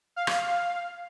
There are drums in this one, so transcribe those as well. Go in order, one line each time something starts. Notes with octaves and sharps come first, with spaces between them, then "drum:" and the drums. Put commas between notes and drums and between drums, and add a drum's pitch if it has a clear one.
F5
drum: rim click